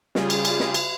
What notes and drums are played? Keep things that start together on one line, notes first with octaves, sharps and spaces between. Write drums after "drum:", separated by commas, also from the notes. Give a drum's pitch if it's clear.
C#3 G3 F4 G#4, drum: snare
drum: cymbal
drum: cymbal
drum: snare
drum: cymbal